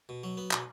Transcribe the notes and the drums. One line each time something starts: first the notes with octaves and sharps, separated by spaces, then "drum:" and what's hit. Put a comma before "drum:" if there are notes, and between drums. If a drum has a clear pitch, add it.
B2
F#3
B3
B2, drum: clap